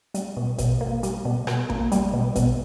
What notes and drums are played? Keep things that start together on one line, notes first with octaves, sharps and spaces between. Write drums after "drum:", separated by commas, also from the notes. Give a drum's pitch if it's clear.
G3, drum: hi-hat
B2
B2, drum: kick A1, hi-hat
A#3
G3, drum: hi-hat
B2
B2, drum: rim click
A#3, drum: kick A1
G3, drum: hi-hat
B2
B2, drum: kick A1, hi-hat